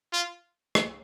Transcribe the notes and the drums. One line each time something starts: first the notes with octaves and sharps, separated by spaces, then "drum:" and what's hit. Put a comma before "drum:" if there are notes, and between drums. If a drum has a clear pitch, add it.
F4
drum: rim click